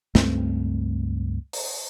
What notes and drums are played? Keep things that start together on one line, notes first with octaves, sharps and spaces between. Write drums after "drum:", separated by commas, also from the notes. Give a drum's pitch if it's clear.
C#2 G2 A3 C4, drum: snare
drum: open hi-hat